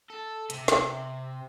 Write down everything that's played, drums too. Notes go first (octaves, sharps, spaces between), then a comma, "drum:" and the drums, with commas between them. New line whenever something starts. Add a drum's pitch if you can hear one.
A4
C3, drum: hi-hat
drum: snare